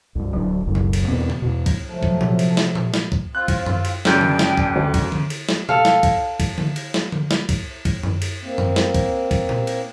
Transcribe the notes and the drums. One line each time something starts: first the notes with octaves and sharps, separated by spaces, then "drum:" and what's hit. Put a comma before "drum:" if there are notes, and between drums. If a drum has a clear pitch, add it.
C2 G2
D1 F#3 D4
F#1 C#2 F#2
drum: tom B2
drum: cymbal
E2 B2 B3 C4
drum: tom B2
E2 B2
drum: kick, cymbal
C3 F3 F#3 A3
drum: kick
drum: tom A#2
drum: cymbal
drum: snare
drum: tom A#2
drum: snare
drum: kick
C4 F4 F#6
drum: kick, cymbal
drum: tom F#2
drum: cymbal
F#2 C#3 D4 G#4 G5 G6, drum: snare
drum: tom D3
drum: snare
drum: kick
D2
drum: kick, cymbal
drum: tom D3
drum: cymbal
drum: snare
A4 F5, drum: tom B2
drum: snare
drum: kick, cymbal
drum: kick, cymbal
drum: tom D3
drum: cymbal
drum: snare
drum: tom D3
drum: snare
drum: kick, cymbal
drum: kick, cymbal
drum: tom F#2
drum: cymbal
A#3 C4
drum: tom F#2
drum: snare
drum: kick, cymbal
drum: kick, cymbal
drum: tom A#2
drum: cymbal